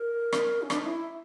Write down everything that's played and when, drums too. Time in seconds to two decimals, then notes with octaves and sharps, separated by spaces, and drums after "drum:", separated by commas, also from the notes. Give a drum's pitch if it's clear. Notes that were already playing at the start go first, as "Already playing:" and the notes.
Already playing: A#4
0.33 drum: rim click
0.62 C#4
0.70 D4, drum: rim click
0.78 D#4
0.85 E4